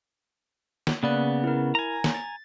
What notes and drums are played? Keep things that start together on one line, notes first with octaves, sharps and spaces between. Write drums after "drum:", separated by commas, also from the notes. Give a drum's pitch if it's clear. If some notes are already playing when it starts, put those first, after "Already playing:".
drum: snare
C#3 A#3 B3 D5 F#6
E4 A#4
G#5 A#5
drum: snare
A6